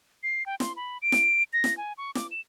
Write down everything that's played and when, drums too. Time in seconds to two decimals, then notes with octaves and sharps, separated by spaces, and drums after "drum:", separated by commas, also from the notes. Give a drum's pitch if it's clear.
0.23 C7
0.46 G5
0.60 C6, drum: snare
0.76 B5
1.02 D7
1.12 drum: snare
1.53 A#6
1.64 drum: snare
1.77 G#5
1.98 C#6
2.15 D6, drum: snare
2.31 E7